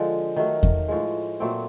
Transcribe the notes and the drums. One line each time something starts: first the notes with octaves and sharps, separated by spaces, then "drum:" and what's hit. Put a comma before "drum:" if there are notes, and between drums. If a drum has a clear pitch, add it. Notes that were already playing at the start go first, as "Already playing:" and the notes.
Already playing: D3 F3 G#3
D#3 F#3 A3
drum: kick E2
A2 F3 G#3
A#2 F#3 A3 C4